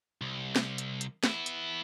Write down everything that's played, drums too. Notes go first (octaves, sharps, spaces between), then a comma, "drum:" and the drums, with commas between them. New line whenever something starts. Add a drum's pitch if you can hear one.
C2
drum: snare
drum: hi-hat
drum: hi-hat
B3 E4, drum: snare
drum: hi-hat